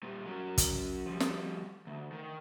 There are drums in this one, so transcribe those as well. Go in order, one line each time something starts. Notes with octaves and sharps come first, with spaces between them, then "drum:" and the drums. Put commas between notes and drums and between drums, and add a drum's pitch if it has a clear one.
A#2 G3
F#3 C#4
drum: kick, hi-hat
F3 G3
drum: snare
D2
D#3